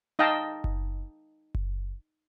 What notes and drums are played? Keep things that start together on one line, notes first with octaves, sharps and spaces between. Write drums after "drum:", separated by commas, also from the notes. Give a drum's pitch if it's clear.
D#4 D#5 F5 G5 A5
drum: kick F#1
drum: kick F#1